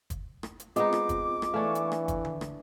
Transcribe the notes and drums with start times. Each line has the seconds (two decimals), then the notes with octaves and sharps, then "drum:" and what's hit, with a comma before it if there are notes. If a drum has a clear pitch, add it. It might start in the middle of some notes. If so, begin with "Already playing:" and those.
0.10 drum: kick, hi-hat
0.43 drum: rim click
0.60 drum: hi-hat
0.76 G#3 B3 C4 D#4 F4 D#5 D6, drum: hi-hat
0.93 drum: rim click
1.09 drum: kick, hi-hat
1.42 drum: rim click
1.54 E3 A3 D4 F5 G#5 C#6
1.75 drum: hi-hat
1.92 drum: rim click
2.08 drum: kick, hi-hat
2.25 drum: tom D3
2.41 drum: rim click